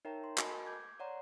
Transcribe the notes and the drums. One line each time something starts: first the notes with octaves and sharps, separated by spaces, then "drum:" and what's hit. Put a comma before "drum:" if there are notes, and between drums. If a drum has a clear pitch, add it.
D#4 A#4 C#5 E5 G5 A#5
C6
F#4 A#4 D#5 G#5 A5 B5, drum: clap
D6 G6 G#6
C#5 D5 F#5 A#5 C6